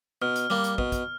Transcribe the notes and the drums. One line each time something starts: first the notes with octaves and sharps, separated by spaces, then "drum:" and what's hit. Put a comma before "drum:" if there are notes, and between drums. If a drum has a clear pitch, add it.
B2 F6
drum: hi-hat
G3 A#3
drum: hi-hat
B2, drum: kick
drum: kick, hi-hat